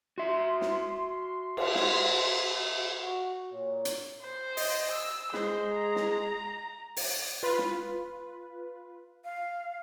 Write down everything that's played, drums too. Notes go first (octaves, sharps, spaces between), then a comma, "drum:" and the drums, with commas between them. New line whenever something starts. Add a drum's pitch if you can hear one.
F#4 E5 C6
drum: snare
drum: cymbal
drum: snare
F#4
A#2 C#5
drum: hi-hat
C5
D#5, drum: open hi-hat
E6
G#3 C5, drum: snare
A#5
drum: snare
drum: open hi-hat
F4 B4
drum: snare
F5